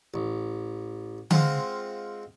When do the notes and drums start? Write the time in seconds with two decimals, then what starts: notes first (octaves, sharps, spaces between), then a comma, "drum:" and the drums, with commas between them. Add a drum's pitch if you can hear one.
0.14 A1
1.31 G#3 C4 F4 F#5, drum: tom D3